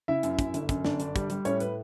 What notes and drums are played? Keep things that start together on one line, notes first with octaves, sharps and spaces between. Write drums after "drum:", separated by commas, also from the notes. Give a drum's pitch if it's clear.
C#3 E4 E5
F#2, drum: hi-hat
F#2, drum: kick, hi-hat
G1, drum: hi-hat
F#2, drum: kick, hi-hat
G1 D4 D5, drum: snare
G1, drum: hi-hat
G3, drum: kick, hi-hat
G3, drum: hi-hat
A2 C#4 C#5, drum: hi-hat
B4, drum: hi-hat